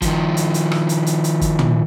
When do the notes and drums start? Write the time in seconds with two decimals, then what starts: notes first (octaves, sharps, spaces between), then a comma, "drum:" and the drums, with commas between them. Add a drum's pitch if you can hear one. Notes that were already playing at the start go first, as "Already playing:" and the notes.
0.02 D#3 F3, drum: kick, hi-hat
0.37 drum: hi-hat
0.54 drum: hi-hat
0.72 drum: rim click
0.89 drum: hi-hat
1.06 drum: hi-hat
1.24 drum: hi-hat
1.41 drum: kick, hi-hat
1.59 drum: tom